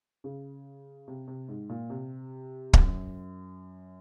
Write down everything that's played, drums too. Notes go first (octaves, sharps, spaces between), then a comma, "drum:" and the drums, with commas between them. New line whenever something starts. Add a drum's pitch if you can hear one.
C#3
C3
C3
G#2
A#2
C3
F#2, drum: kick